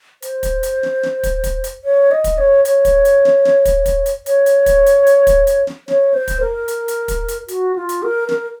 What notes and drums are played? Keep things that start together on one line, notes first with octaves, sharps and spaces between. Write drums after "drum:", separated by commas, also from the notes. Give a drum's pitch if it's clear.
C5, drum: hi-hat
drum: kick, hi-hat
drum: hi-hat
drum: snare
drum: snare
drum: kick, hi-hat
drum: kick, hi-hat
drum: hi-hat
C#5
D#5
drum: kick, hi-hat
C#5
C#5, drum: hi-hat
drum: kick, hi-hat
drum: hi-hat
drum: snare
drum: snare
drum: kick, hi-hat
drum: kick, hi-hat
drum: hi-hat
C#5, drum: hi-hat
drum: hi-hat
drum: kick, hi-hat
drum: hi-hat
drum: hi-hat
drum: kick, hi-hat
drum: hi-hat
drum: snare
C#5, drum: snare
C5
drum: kick, hi-hat
A#4
drum: hi-hat
drum: hi-hat
drum: kick, hi-hat
drum: hi-hat
F#4, drum: hi-hat
F4
drum: hi-hat
A#4
A#4, drum: snare